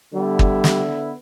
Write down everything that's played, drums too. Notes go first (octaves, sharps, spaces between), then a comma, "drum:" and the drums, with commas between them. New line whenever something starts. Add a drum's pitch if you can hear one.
D3 G3 B3 E4
drum: kick
drum: snare